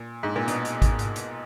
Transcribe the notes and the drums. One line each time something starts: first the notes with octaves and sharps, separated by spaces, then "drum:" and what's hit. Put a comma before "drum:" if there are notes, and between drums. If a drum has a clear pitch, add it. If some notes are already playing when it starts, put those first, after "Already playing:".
Already playing: A#2
G#2
A#2
B2, drum: hi-hat
drum: hi-hat
drum: kick G#1, hi-hat
drum: hi-hat
drum: hi-hat